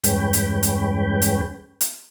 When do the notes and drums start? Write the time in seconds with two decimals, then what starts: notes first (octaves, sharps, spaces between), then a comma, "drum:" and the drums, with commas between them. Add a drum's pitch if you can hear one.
0.04 E2 G2 G#3 C#4 B4 G5, drum: hi-hat
0.33 drum: hi-hat
0.63 drum: hi-hat
1.22 drum: hi-hat
1.81 drum: hi-hat